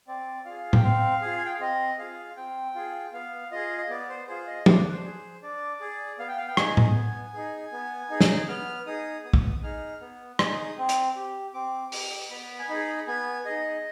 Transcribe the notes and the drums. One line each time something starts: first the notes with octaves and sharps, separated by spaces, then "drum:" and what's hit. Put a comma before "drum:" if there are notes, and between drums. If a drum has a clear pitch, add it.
C4 D5
F4 G#4 F5
G5, drum: tom A2
C4 F5
F4 G#4
G#5
G5
F5
C4 D#5
F4 G#4 F5
C4 G5
F4 G#4
B3 F5
F4 G#4 D#5
D#5
B3 D5
C5
F4 G#4 C5
D#5
D4 C5, drum: tom
B4
C5
G#4
D4 D5
G#4
B3 F5
G5
F5
G5
D#4 G#4 G#5, drum: rim click
drum: tom A2
B3
D#4 G#4
B3
D#4 G#4
drum: snare
B3 F6
D#4 G#4 D#6
B3 D#6
drum: kick
D#4 G#4 F6
B3
D#4 G#4 D#6, drum: rim click
C4
drum: hi-hat
G4
C4 D6
G4, drum: open hi-hat
B3 B5
G#5
D#4 G#4 B5
B3 G#5
D#4 G#4 D#5